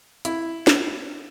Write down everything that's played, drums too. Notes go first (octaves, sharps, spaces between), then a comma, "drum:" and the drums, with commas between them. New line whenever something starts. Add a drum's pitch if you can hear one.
E4, drum: hi-hat
drum: snare